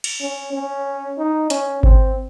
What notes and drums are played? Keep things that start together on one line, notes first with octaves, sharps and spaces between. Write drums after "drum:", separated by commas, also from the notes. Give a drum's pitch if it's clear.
drum: cymbal
C#4
C#4
D#4
C#4, drum: hi-hat
C4, drum: kick G#1